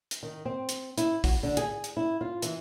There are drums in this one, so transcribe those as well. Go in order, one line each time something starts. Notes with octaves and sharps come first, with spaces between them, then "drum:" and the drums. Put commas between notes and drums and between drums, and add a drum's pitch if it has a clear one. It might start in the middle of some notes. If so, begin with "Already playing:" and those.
drum: hi-hat
D#3
C4
drum: hi-hat
E4, drum: hi-hat
F#4, drum: kick, open hi-hat
D3
G#4, drum: hi-hat
drum: hi-hat
E4
F4
E3, drum: hi-hat